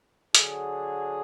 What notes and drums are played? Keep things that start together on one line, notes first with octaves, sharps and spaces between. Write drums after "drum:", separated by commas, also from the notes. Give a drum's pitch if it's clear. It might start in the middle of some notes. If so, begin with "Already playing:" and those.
D3 F#3 G#4, drum: hi-hat